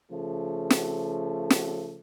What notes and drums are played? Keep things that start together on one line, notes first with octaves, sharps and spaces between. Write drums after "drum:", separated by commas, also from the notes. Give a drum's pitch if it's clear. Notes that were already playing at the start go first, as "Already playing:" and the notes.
C#3 F3 A3
drum: snare
drum: snare